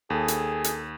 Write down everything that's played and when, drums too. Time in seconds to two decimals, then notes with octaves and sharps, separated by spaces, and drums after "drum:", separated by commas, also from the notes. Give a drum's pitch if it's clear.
0.10 D#2 G#4 A4
0.28 drum: hi-hat
0.64 drum: hi-hat